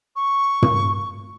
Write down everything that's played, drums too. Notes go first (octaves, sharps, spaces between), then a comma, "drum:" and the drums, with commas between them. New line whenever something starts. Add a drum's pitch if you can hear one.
C#6
drum: tom